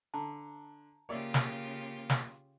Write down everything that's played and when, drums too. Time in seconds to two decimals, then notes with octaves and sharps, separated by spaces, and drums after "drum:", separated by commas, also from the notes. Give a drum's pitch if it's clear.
0.14 D3 A5 A#5
1.09 C#3 A#3 F4 G4 C#5 D5 E5
1.34 drum: snare
2.10 drum: snare